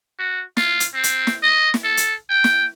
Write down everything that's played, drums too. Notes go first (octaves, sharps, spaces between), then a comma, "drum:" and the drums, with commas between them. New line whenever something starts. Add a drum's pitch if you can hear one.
F#4
F4, drum: snare
drum: hi-hat
C4
drum: hi-hat
drum: snare
D#5
drum: snare
A4
drum: hi-hat
G5
drum: snare